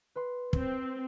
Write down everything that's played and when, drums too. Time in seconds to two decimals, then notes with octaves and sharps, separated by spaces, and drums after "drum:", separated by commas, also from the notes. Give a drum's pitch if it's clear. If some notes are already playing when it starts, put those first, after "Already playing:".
0.15 B4 C6
0.53 C4, drum: kick